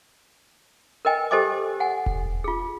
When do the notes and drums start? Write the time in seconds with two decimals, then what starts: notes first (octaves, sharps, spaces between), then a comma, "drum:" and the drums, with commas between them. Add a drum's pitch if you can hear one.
1.05 A#4 B4 D#5 G5 G#5
1.31 G4 A4 C5 D#5 G#5 D6
1.80 F#5 G#5
2.06 drum: kick E1
2.44 F4 G#4